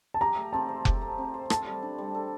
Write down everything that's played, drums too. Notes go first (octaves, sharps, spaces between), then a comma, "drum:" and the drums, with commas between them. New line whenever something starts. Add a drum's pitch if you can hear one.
A5
G4 A#5
A3
C4 A5
C5
G4, drum: kick F1
A3
C4
C5
A4 A5, drum: rim click
G3
D4
G3
A4